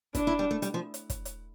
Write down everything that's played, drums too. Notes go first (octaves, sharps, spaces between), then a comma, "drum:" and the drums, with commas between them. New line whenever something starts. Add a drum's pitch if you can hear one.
D4 E4, drum: kick, hi-hat
E4
G3
A3
G3, drum: hi-hat
F3
drum: hi-hat
drum: kick, hi-hat
drum: hi-hat